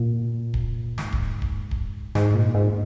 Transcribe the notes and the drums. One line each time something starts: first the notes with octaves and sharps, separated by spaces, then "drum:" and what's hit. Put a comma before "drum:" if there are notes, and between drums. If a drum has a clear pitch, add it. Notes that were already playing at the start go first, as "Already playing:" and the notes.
Already playing: A#2
drum: kick D1
G#2, drum: snare
drum: kick D1
drum: kick D1
drum: kick D1
G#2, drum: snare
A#2
G#2